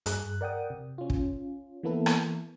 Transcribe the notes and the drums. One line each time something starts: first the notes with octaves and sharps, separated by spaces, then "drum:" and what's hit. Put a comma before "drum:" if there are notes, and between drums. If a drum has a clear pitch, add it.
G2 G#4 F#6, drum: hi-hat
A#4 D5 F#5 G5 D#6
C3
C#4 F4
drum: kick
E3 A#3 B3 E4 A4 B4
drum: rim click